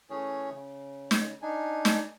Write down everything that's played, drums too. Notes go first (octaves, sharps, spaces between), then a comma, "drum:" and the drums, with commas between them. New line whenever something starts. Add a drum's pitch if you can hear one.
E3 A3 C#4 G#4 C#5
C#3
drum: snare
D4 D#4 G#5
drum: snare